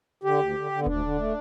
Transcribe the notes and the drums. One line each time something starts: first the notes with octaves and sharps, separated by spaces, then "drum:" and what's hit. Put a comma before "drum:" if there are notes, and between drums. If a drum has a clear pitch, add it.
D3 G4
D2
D3
D3
B3
D2 D4, drum: kick D#1
D3
A3